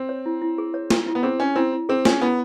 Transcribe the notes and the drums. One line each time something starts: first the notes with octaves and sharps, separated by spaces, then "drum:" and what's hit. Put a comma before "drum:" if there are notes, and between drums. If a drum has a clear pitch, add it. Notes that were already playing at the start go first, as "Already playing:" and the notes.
Already playing: C4
C#5
E4
E4
G#4
C#5
E4, drum: snare
E4
B3
C4 G#4
C#4 C#5
C4 E4
E4
C4 G#4
C#4 C#5, drum: snare
B3 E4